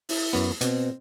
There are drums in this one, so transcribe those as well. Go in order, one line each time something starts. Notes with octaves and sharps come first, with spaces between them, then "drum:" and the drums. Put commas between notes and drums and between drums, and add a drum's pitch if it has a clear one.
E4, drum: open hi-hat
F#2 B3
B2 C4, drum: hi-hat